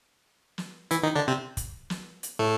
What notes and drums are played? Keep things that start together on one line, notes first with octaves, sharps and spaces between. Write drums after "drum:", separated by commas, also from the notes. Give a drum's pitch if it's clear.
drum: snare
E3 E4, drum: hi-hat
D#3 D#4
D3 D4
C3 C4
drum: kick, hi-hat
drum: snare
drum: hi-hat
A2 A3